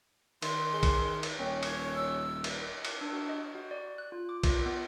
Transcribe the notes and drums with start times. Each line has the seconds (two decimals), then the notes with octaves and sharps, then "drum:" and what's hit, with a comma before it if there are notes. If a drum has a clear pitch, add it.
0.42 D#3 C6, drum: cymbal
0.73 G#3
0.83 drum: kick A#1, cymbal
1.23 drum: cymbal
1.39 D#1 C#4 G5
1.63 C#5, drum: cymbal
1.95 E6
2.44 drum: cymbal
2.85 drum: cymbal
3.01 D4
3.13 F#4
3.29 D#5
3.55 F#4
3.71 D5
3.98 F#6
4.12 F4
4.29 D6
4.43 F4, drum: kick A#1, cymbal
4.66 B3